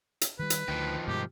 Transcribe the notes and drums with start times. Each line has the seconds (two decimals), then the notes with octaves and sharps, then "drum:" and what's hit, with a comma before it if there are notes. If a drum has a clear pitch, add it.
0.21 drum: hi-hat
0.39 D#3 G3 B4
0.50 drum: hi-hat
0.68 D2 D#3 F3
1.08 G2 B2 G#3 G4